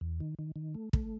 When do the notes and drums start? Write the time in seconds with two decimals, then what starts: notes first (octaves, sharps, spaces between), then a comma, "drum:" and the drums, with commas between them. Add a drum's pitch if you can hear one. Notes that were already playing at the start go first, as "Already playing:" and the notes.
0.01 E2
0.20 D#3
0.39 D#3
0.56 D#3
0.75 A3
0.93 A3, drum: kick